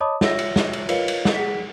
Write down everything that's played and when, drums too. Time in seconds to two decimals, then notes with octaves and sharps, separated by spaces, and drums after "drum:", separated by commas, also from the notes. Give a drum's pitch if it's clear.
0.01 C#5 D#5 A5 B5 D6 D#6
0.21 F4 C#5 E5 E6 A#6, drum: snare
0.39 drum: cymbal
0.56 drum: snare
0.73 drum: cymbal
0.89 F4 A#4 B4 C#5 D#5 F5, drum: cymbal
1.08 drum: cymbal
1.25 drum: snare
1.35 G#4 F#5 B6